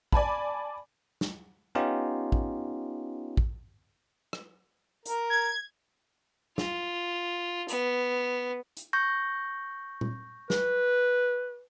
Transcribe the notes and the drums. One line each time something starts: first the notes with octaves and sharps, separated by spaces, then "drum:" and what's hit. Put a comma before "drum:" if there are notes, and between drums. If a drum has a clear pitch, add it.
D5 G#5 A5 B5, drum: kick
drum: snare
B3 C#4 D#4 F4 G4
drum: kick
drum: kick
drum: rim click
A#4, drum: hi-hat
G#6
F4, drum: snare
B3, drum: hi-hat
drum: hi-hat
C#6 G6 A#6
drum: tom A#2
B4, drum: snare